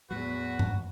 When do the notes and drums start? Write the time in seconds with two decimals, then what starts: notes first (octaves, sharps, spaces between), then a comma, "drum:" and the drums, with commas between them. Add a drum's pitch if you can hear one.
0.11 E2 A2 F#3 F#4 B4
0.59 drum: tom G2